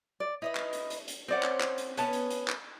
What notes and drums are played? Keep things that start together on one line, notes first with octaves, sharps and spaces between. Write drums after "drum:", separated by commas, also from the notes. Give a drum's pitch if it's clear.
D5
D#4 E4 B4 D#5
drum: clap
drum: hi-hat
drum: hi-hat
drum: hi-hat
C4 C#4 C5 D5 F#5
drum: clap
drum: clap
drum: hi-hat
B3 C#4 B4 C#5 A5, drum: hi-hat
drum: hi-hat
drum: hi-hat
drum: clap